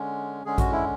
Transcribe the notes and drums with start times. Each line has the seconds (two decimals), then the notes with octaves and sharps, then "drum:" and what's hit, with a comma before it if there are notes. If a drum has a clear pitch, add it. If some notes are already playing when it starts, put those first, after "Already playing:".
Already playing: D3 G#3 C#4
0.45 D3 G#3 C#4 G#4
0.58 F#4, drum: kick A1, hi-hat
0.72 E4